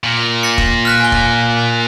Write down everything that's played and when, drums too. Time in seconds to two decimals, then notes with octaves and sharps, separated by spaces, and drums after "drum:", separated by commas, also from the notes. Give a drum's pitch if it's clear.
0.04 A#2
0.43 A6 A#6 C#7
0.58 drum: kick
0.85 F6 F#6 B6
1.00 G#5 G7
1.12 drum: kick